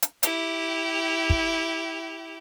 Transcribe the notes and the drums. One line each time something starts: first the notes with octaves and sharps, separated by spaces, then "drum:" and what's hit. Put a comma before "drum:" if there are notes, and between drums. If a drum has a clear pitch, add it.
drum: hi-hat
E4 G4, drum: hi-hat
drum: kick